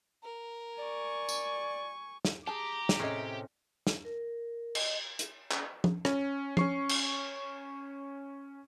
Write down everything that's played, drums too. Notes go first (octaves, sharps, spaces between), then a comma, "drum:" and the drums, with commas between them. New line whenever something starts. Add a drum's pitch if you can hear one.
A#4
D5 G#5 C#6
drum: tambourine
drum: snare
G4 G#4 A5 A#5 D6
drum: snare
A2 C3 C#4 G#4 D#5
drum: snare
A#4
D#5, drum: cymbal
drum: hi-hat
drum: clap
drum: tom
C#4, drum: rim click
C#4 C#6 C7, drum: tom
drum: cymbal